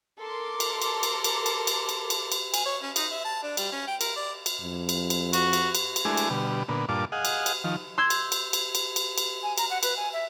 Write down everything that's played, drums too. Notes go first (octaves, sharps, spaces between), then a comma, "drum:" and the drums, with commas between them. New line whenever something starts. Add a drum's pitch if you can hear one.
A4 A#4 C6 D6
drum: cymbal
drum: cymbal
drum: cymbal
drum: cymbal
drum: cymbal
drum: cymbal
drum: cymbal
drum: cymbal
drum: cymbal
G#5, drum: cymbal
C#5
C#4
D#4, drum: cymbal
E5
A5
D4
G3, drum: cymbal
C#4
G5
A#4, drum: cymbal
D5
drum: cymbal
F2
drum: cymbal
drum: cymbal
F#4, drum: cymbal
drum: cymbal
drum: cymbal
drum: cymbal
G#3 A3 D4 E4 G#4
drum: cymbal
B2 D3 G3
A#2 D3 B3
G2 A#2 D4 F4 A5 D6
G#4 D#5 F5 F#5
drum: cymbal
drum: cymbal
D#3 F3
C6 E6 G6 G#6
drum: cymbal
drum: cymbal
drum: cymbal
drum: cymbal
drum: cymbal
drum: cymbal
G#5
A#5, drum: cymbal
F#5
B4, drum: cymbal
G#5
E5